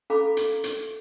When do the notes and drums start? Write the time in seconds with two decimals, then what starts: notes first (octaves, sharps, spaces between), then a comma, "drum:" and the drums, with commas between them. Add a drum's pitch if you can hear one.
0.10 C#4 A4 F5 A#5 B5 D6
0.37 drum: hi-hat
0.64 drum: hi-hat